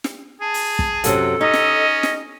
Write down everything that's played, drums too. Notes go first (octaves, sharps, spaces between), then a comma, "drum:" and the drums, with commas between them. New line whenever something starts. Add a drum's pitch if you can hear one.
drum: snare
G#4 A5
drum: open hi-hat
drum: kick
F#2 C3 F#3 A4, drum: hi-hat
C#4 D#4 D#5
drum: snare
drum: snare